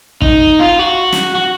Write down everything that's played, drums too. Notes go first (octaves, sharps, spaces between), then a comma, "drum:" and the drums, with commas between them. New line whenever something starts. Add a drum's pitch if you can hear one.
D#4, drum: kick
F4
F#4
drum: snare
F#4